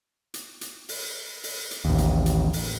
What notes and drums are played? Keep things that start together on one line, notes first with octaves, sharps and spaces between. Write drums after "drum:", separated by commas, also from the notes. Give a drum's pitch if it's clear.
drum: hi-hat
drum: hi-hat
drum: open hi-hat
drum: open hi-hat
drum: hi-hat
A1 D#2
drum: hi-hat
drum: hi-hat
drum: open hi-hat